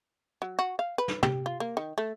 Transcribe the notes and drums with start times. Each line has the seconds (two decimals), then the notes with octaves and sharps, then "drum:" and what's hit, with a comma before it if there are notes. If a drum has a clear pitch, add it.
0.42 F#3
0.59 F#4
0.79 F5
0.98 B4
1.08 drum: snare
1.23 G4, drum: tom
1.46 F4
1.60 A#3
1.77 D#3
1.98 A3